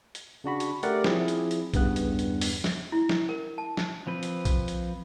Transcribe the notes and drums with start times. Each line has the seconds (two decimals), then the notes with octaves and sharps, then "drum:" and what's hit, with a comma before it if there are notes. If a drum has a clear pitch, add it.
0.15 drum: hi-hat
0.44 C#3 D4 F#4 B5
0.60 drum: hi-hat
0.83 A3 G4 A#4 D5 F#5, drum: hi-hat
1.04 F3 C4 E4 G#4, drum: snare
1.28 drum: hi-hat
1.51 drum: hi-hat
1.74 E2 G2 C#3 B3 F#6, drum: kick A#1, hi-hat
1.96 drum: hi-hat
2.19 drum: hi-hat
2.41 drum: open hi-hat
2.64 drum: snare
2.92 E4
3.09 drum: snare
3.29 A#4
3.58 A5
3.77 drum: snare
4.07 F3 C4 B4
4.23 drum: hi-hat
4.45 drum: kick A#1, hi-hat
4.68 drum: hi-hat